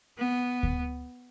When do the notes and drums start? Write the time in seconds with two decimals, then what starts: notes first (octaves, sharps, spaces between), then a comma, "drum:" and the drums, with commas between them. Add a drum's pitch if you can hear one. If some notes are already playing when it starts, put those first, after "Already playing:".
0.18 B3
0.63 drum: kick D2